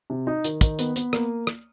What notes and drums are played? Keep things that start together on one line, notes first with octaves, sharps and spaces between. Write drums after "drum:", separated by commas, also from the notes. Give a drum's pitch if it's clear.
C3
D#4
D#3, drum: hi-hat
D#3, drum: kick, hi-hat
B3, drum: hi-hat
B3, drum: hi-hat
A#3, drum: rim click
drum: rim click